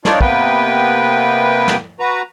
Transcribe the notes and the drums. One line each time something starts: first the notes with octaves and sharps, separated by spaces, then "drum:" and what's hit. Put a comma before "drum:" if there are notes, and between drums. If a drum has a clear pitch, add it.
D4 D#4 F4 C#5 D5, drum: snare
C3 A#3 B3 B4 G5, drum: kick
drum: snare
F#4 B4 A#5